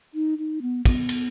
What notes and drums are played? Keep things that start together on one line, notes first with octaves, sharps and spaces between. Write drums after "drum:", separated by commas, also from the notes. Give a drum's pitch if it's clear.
D#4
D#4
B3
B3, drum: kick, cymbal
drum: cymbal